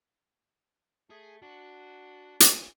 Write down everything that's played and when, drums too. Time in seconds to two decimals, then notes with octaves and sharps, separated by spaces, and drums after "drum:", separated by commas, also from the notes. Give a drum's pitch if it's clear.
1.10 A3 G#4
1.42 D4 F#4
2.40 drum: hi-hat